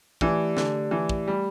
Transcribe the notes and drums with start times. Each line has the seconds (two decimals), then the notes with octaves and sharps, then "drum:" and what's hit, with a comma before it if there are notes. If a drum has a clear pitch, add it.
0.21 E3 A3 G4 D5, drum: kick
0.57 D3, drum: snare
0.91 E3
1.09 drum: kick
1.28 G3